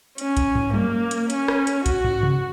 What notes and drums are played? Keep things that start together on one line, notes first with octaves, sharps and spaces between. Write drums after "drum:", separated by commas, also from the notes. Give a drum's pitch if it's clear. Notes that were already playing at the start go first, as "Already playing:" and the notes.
C#4, drum: hi-hat
drum: kick, hi-hat
drum: tom
A#3, drum: tom F#3
drum: hi-hat
C#4, drum: hi-hat
drum: rim click
drum: hi-hat
F#4, drum: kick, hi-hat
drum: tom
drum: tom C3